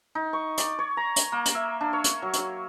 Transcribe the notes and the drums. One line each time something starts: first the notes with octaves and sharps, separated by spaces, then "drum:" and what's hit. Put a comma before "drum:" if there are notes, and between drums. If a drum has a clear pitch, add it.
D#4
C#6
D5, drum: hi-hat
C#5
A#5
drum: hi-hat
A#3
drum: hi-hat
E5
D4
C#5
drum: hi-hat
F#3
drum: hi-hat